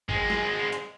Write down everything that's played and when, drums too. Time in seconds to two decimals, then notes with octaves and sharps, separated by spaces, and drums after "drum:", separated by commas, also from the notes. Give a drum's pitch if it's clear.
0.09 G#3 C4, drum: kick
0.30 drum: snare
0.72 drum: hi-hat